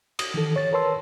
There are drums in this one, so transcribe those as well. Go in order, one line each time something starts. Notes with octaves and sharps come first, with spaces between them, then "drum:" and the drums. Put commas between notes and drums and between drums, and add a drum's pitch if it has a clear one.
D#6, drum: cymbal
D#3 E3 A4
C#5 A6
A#4 B4 C#5 A5 C6 E6